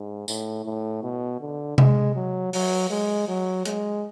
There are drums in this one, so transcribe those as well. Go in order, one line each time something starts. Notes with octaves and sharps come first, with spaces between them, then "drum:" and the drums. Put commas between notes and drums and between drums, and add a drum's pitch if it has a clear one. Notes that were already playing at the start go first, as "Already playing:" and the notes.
Already playing: G#2
A2, drum: tambourine
A2
B2
D3
G#3, drum: tom C3
F#3
F#3, drum: open hi-hat
G#3
F#3
G#3, drum: hi-hat